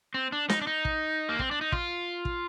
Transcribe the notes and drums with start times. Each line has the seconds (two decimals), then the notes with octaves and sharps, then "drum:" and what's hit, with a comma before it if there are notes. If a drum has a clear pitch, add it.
0.14 C4
0.32 D4
0.49 D#4, drum: snare
0.61 D4
0.67 D#4
0.85 drum: kick
1.29 A#3
1.39 C4, drum: kick
1.51 D4
1.61 D#4
1.72 F4, drum: kick
2.25 drum: kick